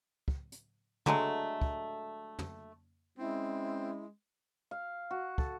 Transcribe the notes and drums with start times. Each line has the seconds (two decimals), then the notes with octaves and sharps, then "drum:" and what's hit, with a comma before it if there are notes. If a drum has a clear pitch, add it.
0.28 drum: kick
0.52 drum: hi-hat
1.06 D3 F#3 G#3 A3, drum: tom
1.61 drum: kick
2.39 drum: tom
3.18 G#3 C4 C#4 E4
4.71 F5
5.11 F#4
5.38 A4, drum: kick